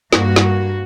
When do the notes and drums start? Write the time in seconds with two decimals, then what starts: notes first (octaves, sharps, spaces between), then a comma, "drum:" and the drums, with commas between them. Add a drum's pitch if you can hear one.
0.13 G2 A#3 F#4, drum: snare
0.36 drum: snare